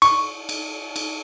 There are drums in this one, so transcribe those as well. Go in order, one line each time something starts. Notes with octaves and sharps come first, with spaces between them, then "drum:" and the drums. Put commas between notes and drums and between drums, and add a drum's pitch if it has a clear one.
C#6, drum: cymbal
drum: cymbal
drum: cymbal